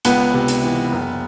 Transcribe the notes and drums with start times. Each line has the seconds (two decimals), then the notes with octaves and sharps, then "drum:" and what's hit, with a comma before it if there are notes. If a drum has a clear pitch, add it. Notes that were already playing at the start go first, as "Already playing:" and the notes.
0.05 C#2 B3, drum: hi-hat
0.34 C3
0.48 drum: hi-hat
0.63 E3
0.92 F#1